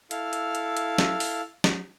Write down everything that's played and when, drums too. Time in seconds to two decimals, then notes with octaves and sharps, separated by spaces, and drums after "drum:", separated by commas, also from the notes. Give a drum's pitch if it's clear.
0.11 E4 A4 F5, drum: hi-hat
0.33 drum: hi-hat
0.55 drum: hi-hat
0.77 drum: hi-hat
0.98 drum: snare
1.20 drum: open hi-hat
1.64 drum: snare